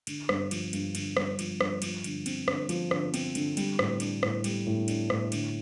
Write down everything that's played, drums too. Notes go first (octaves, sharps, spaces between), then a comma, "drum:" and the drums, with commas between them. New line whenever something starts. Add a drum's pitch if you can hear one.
D3, drum: cymbal
G2, drum: rim click
F3, drum: cymbal
G2, drum: cymbal
D3, drum: cymbal
G2, drum: rim click
F3, drum: cymbal
G2, drum: rim click
F3, drum: cymbal
D3, drum: cymbal
C4, drum: cymbal
D3, drum: rim click
F3, drum: cymbal
D3, drum: rim click
C4, drum: cymbal
D3, drum: cymbal
G3, drum: cymbal
A2, drum: rim click
D4, drum: cymbal
A2, drum: rim click
G3, drum: cymbal
A2
D4, drum: cymbal
A2, drum: rim click
D3, drum: cymbal